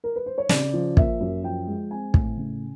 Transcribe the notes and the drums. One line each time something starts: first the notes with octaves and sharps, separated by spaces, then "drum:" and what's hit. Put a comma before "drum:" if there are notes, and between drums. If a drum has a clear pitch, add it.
A#4
B4
C5
C#5
C#3 D5, drum: snare
F3
A#3 E5, drum: kick
F#2
F3 G5
G#3
C4 G#5
A2, drum: kick
C#3